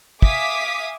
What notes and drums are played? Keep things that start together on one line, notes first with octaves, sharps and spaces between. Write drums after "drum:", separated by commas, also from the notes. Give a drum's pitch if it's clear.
E5 F5 G#5 D6 D#6 B6, drum: kick